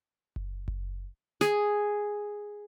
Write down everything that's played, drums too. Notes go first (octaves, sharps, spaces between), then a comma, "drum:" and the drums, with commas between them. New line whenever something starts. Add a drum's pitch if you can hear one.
drum: kick F#1
drum: kick F#1
G#4, drum: snare